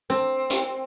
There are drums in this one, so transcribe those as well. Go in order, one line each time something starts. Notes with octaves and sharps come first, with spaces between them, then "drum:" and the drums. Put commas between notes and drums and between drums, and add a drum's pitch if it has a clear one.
C4
drum: hi-hat